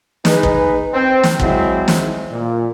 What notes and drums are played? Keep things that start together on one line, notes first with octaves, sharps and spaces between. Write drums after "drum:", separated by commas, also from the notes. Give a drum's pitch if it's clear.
D#4 G#4 B4, drum: snare
drum: kick
C4
drum: snare
F#3 G#3 C4 E4, drum: kick
drum: snare
A#2